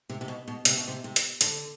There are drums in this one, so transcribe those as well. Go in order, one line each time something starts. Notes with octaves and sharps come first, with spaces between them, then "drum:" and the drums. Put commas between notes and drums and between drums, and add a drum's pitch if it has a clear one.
C3
C3
B2
B2
C3, drum: hi-hat
B2
C3
C3
drum: hi-hat
D3, drum: hi-hat